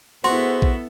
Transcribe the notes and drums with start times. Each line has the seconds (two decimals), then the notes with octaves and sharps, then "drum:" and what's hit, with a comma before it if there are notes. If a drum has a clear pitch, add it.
0.24 B3 E4 F#4 G#4 A4 C5 C6
0.62 drum: kick A#1